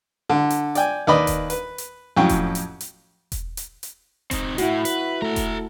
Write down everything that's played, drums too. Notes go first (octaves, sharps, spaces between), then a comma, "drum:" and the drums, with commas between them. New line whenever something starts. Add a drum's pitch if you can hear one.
D3
drum: hi-hat
D5 G5 G#5, drum: hi-hat
D#2 B4 D5 D#5 B5
drum: kick E1, hi-hat
B4, drum: hi-hat
drum: hi-hat
F2 A2 F#3 C#4 G5 C#6
drum: kick E1, hi-hat
drum: hi-hat
drum: hi-hat
drum: kick E1, hi-hat
drum: hi-hat
drum: hi-hat
C4 D#4, drum: kick E1, hi-hat
A2 E4 F#4, drum: hi-hat
B4, drum: hi-hat
A3 A4 A#5
drum: kick E1, hi-hat